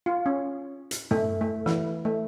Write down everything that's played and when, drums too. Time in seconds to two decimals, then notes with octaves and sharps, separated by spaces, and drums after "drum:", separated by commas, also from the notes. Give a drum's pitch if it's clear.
0.06 F4
0.26 C#4
0.91 drum: hi-hat
1.11 A3, drum: tom
1.41 A3
1.66 E3, drum: snare
2.05 A3